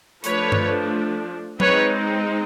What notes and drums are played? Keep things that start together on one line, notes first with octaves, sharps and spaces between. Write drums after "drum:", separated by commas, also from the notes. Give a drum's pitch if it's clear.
F3 A3 D4 B4 C#5, drum: hi-hat
drum: tom G2
G#3 C4 D#4 B4 C#5, drum: tom F#3